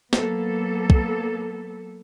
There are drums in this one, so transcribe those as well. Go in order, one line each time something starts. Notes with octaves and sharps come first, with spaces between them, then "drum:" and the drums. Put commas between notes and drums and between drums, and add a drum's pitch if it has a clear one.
F#3 A#3 B3 A4, drum: snare
drum: kick